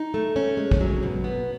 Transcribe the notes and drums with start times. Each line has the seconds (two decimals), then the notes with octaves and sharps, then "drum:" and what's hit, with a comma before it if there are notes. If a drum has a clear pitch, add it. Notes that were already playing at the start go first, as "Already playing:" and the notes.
Already playing: D#4
0.14 A3
0.36 C#4
0.57 G#3
0.71 drum: kick A#1
0.81 F#3
1.03 B2
1.24 B3